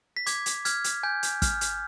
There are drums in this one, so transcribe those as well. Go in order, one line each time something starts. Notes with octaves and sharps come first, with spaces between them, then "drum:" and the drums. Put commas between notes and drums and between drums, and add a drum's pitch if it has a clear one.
B6
D6 G#6, drum: hi-hat
drum: hi-hat
F6 G#6, drum: hi-hat
drum: hi-hat
G#5 G6
drum: hi-hat
F6, drum: kick, hi-hat
drum: hi-hat